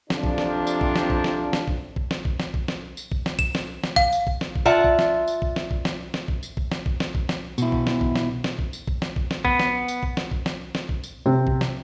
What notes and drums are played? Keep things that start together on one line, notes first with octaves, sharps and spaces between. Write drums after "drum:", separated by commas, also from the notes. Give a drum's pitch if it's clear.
F2 C3 F3 D4, drum: snare
drum: kick
drum: snare
drum: tambourine
drum: kick
drum: snare
drum: kick
drum: snare
drum: snare
drum: kick
drum: kick
drum: snare
drum: kick
drum: snare
drum: kick
drum: snare
drum: tambourine
drum: kick
drum: snare
E7, drum: kick
drum: snare
drum: snare
F5, drum: kick
drum: tambourine
drum: kick
drum: snare
drum: kick
F4 D5 E5 F#5 A5
drum: kick
drum: snare
drum: tambourine
drum: kick
drum: snare
drum: kick
drum: snare
drum: snare
drum: kick
drum: tambourine
drum: kick
drum: snare
drum: kick
drum: snare
drum: kick
drum: snare
B2 E4, drum: tambourine
drum: kick
drum: snare
drum: kick
drum: snare
drum: snare
drum: kick
drum: tambourine
drum: kick
drum: snare
drum: kick
drum: snare
B3, drum: kick
drum: snare
drum: tambourine
drum: kick
drum: snare
drum: kick
drum: snare
drum: snare
drum: kick
drum: tambourine
C3 C4
drum: kick
drum: snare